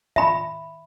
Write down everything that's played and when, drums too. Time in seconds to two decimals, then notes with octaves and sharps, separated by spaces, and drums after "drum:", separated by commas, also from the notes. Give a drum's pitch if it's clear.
0.16 E5 B5, drum: tom A2